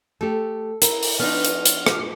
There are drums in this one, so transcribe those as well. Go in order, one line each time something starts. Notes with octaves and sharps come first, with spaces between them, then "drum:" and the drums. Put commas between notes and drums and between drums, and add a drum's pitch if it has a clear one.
A3 G4 A4
E4 A#4, drum: hi-hat
drum: open hi-hat
F3 B3 D4 D#4 C#5 F6
drum: hi-hat
drum: hi-hat
drum: rim click